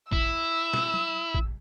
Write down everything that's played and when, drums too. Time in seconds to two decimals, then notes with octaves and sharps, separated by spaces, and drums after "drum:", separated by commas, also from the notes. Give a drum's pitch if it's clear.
0.12 E4 E6, drum: kick A1
0.73 drum: snare
0.94 drum: tom F#3
1.35 drum: kick A1